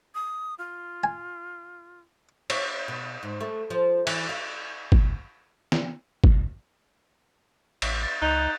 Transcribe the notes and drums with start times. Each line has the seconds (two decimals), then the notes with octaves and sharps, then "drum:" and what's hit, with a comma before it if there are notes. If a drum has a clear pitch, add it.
0.15 D#6
0.59 F4
1.04 G#5
2.50 C#5, drum: cymbal
2.88 B2
3.23 G#2
3.41 A3
3.70 F3
4.07 E3, drum: cymbal
4.29 F5
4.92 drum: kick G1
5.72 drum: snare
6.24 drum: kick G1
7.82 A1, drum: cymbal
8.03 A6
8.22 C#2 D#4 F#6 G6 F7